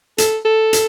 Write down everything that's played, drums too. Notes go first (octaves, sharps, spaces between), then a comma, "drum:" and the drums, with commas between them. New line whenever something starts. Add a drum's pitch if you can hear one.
A4, drum: hi-hat
A4
drum: hi-hat